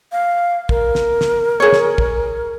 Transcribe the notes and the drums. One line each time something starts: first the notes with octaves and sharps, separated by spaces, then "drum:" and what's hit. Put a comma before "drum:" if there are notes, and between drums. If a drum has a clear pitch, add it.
F5
A#4, drum: kick
drum: snare
drum: snare
G#4 C#5
drum: snare
drum: kick